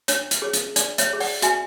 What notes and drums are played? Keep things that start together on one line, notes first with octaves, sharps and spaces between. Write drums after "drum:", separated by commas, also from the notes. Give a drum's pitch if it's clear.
D4 C#5, drum: hi-hat
drum: hi-hat
G#4 C#5
drum: hi-hat
D4 D5, drum: hi-hat
C#5 E5, drum: hi-hat
G#4 C#5
D5 F#5, drum: open hi-hat
F#4 E5 G#5, drum: hi-hat